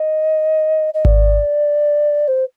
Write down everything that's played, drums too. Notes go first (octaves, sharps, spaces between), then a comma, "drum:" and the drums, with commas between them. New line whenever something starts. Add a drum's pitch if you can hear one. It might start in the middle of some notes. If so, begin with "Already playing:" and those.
Already playing: D#5
D#5
D5, drum: kick G#1
C5